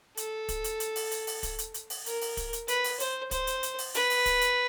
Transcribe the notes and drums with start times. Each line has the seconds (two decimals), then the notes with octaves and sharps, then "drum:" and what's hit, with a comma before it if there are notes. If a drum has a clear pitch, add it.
0.17 A4, drum: hi-hat
0.49 drum: kick, hi-hat
0.64 drum: hi-hat
0.80 drum: hi-hat
0.96 drum: open hi-hat
1.11 drum: hi-hat
1.27 drum: open hi-hat
1.43 drum: kick, hi-hat
1.59 drum: hi-hat
1.74 drum: hi-hat
1.90 drum: open hi-hat
2.06 A#4, drum: hi-hat
2.21 drum: open hi-hat
2.37 drum: kick, hi-hat
2.53 drum: hi-hat
2.68 B4, drum: hi-hat
2.84 drum: open hi-hat
3.00 C5, drum: hi-hat
3.31 C5, drum: kick, hi-hat
3.47 drum: hi-hat
3.63 drum: hi-hat
3.79 drum: open hi-hat
3.94 B4, drum: hi-hat
4.10 drum: open hi-hat
4.26 drum: kick, hi-hat
4.41 drum: hi-hat